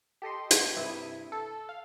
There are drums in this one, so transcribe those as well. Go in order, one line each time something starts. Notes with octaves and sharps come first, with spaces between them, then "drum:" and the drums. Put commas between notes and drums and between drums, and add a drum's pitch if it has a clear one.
G4 A4 D#5 C6
drum: hi-hat
G2 C3 E4 D#6 G#6 D#7
A4
F5